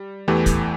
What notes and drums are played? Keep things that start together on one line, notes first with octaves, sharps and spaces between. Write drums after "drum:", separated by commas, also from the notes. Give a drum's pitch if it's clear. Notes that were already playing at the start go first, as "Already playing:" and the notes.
Already playing: G3
E2 E3 A3 G4
drum: kick, hi-hat